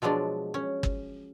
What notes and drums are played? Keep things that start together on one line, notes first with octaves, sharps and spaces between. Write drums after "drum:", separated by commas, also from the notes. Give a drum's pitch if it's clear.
B2 F3 F#3 G#3 D4
C#4
drum: kick G1